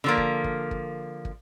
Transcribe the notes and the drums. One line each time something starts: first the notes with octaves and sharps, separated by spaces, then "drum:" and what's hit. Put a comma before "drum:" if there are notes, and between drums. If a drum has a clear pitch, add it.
D3 F3 A#3
drum: kick
drum: kick
drum: kick
drum: kick